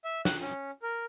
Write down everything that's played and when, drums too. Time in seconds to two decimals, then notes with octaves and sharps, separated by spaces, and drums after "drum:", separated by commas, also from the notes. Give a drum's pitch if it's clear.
0.05 E5
0.25 F#6, drum: snare
0.40 C#4
0.83 A#4